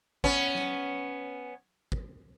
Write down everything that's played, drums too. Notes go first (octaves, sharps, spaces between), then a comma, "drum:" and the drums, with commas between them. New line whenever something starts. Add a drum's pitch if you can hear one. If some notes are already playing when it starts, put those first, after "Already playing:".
B3 C#4, drum: kick
drum: snare
drum: kick